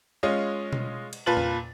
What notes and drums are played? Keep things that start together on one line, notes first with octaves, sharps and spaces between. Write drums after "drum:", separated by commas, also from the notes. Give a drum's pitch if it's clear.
G#3 C#4 F4 D#5
drum: tom B2
drum: cymbal
A#2 F4 B4 A5 A6 F#7
drum: tom E2